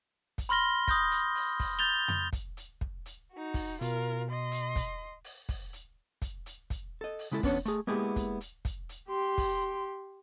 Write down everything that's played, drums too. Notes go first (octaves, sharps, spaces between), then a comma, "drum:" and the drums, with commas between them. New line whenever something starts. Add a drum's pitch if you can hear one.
drum: kick, hi-hat
B5 C6 F6 A#6 G7
D#6 G6 A#6, drum: kick, hi-hat
drum: hi-hat
drum: open hi-hat
drum: kick, open hi-hat
G6 A6 F7 G7
drum: tom F2
drum: kick, hi-hat
drum: hi-hat
drum: kick
drum: hi-hat
D#4 F#4
drum: kick, open hi-hat
B2 F4 A#4, drum: hi-hat
D#5 C6
drum: hi-hat
drum: kick, hi-hat
drum: open hi-hat
drum: kick, open hi-hat
drum: hi-hat
drum: kick, hi-hat
drum: hi-hat
drum: kick, hi-hat
A4 D#5
drum: open hi-hat
C#3 G#3 E4 G4 A4
E2 B3 C#4 D4 C#5, drum: kick, open hi-hat
A3 G#4, drum: hi-hat
G#3 A#3 B3 E4 G4 G#4
drum: kick, hi-hat
drum: hi-hat
drum: kick, hi-hat
drum: hi-hat
G4 C6
drum: kick, open hi-hat